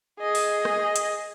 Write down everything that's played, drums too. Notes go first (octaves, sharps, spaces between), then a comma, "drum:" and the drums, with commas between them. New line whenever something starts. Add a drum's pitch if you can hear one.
G#4 D#5
drum: open hi-hat
drum: rim click
drum: hi-hat